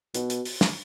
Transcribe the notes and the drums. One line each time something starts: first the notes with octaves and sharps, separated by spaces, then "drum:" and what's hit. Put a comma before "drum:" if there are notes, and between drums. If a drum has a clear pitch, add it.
B2, drum: hi-hat
drum: hi-hat
drum: open hi-hat
drum: snare